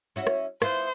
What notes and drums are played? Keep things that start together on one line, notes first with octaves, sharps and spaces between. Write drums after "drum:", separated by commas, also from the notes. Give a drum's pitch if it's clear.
C#4 E4 F#4
drum: rim click
B3 E4 F4 C5, drum: rim click